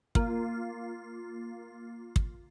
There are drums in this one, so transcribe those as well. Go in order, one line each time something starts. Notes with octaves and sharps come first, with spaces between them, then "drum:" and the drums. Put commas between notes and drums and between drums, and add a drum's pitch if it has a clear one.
A#3 F4, drum: kick
drum: kick